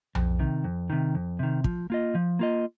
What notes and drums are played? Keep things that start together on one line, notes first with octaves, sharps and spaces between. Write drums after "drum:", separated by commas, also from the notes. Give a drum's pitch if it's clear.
F2, drum: tom B1
C3 D#3
F2
C3 D#3
F2
C3 D#3
F3, drum: kick
A#3 F4 D#5
F3
A#3 F4 D#5